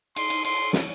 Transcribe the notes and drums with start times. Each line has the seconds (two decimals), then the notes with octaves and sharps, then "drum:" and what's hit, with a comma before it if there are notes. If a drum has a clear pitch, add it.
0.16 C6, drum: cymbal
0.30 drum: cymbal
0.45 C6, drum: cymbal
0.73 drum: snare